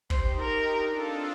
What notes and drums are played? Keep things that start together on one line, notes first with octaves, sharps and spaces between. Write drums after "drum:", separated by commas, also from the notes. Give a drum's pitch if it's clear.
D#4 G4 C5, drum: kick
D#4 G4 A#4
D4 F4
C4 D#4 A4